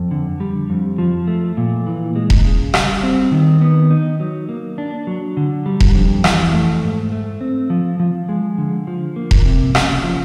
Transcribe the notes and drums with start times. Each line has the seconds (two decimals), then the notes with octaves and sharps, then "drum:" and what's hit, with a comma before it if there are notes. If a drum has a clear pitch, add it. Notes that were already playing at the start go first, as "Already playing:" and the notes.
Already playing: F2
0.11 D3
0.40 G3
0.70 F2
0.98 F3
1.27 A3
1.57 A#2
1.86 E3
2.16 G#3
2.30 drum: kick E1
2.45 C#3
2.74 G3, drum: rim click
3.03 C4
3.32 D#3
3.61 B3
3.91 D#4
4.20 F#3
4.49 A#3
4.78 D4
5.07 F#3
5.37 D3
5.66 G3
5.80 drum: kick E1
5.95 F2
6.24 E3, drum: rim click
6.53 A3
6.83 G#2
7.12 A3
7.41 C4
7.70 F3
8.00 F3
8.29 G#3
8.58 D3
8.87 F3
9.16 A#3
9.31 drum: kick E1
9.45 C3
9.75 C#3, drum: rim click
10.03 F3